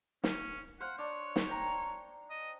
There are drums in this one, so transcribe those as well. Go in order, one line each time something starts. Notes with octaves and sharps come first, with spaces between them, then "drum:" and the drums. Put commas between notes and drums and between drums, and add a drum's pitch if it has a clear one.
C#4, drum: snare
C5 F5 F#5
D4 C#5
drum: snare
G5 A#5
D#5